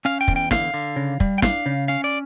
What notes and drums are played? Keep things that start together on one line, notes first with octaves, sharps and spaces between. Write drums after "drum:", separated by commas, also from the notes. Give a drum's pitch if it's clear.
C#4 F5
G5
E2, drum: kick
G5
D3 F5, drum: snare
D3
C#3
G3, drum: kick
G5
D4 F5, drum: snare
C#3
C#4 F5
D5